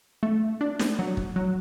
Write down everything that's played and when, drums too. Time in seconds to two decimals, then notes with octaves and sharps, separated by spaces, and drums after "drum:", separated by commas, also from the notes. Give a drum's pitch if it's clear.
0.23 A3
0.61 D4
0.79 drum: snare
0.99 F#3
1.17 drum: kick
1.36 F#3